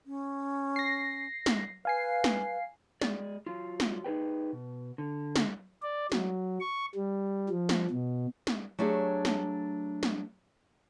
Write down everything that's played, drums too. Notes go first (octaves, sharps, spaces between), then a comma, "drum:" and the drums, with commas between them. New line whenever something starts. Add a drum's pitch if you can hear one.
C#4
A#6 C7
drum: snare
B4 F5 G#5 C7
drum: snare
G#3 G#4 D5, drum: snare
F#3 F4
drum: snare
D#4 G#4 B4 G5
B2
D3
drum: snare
D5
F#3, drum: snare
C#6
G3
F3
drum: snare
B2
drum: snare
F#3 A3 D4 G4 G#4 C#5
drum: snare
drum: snare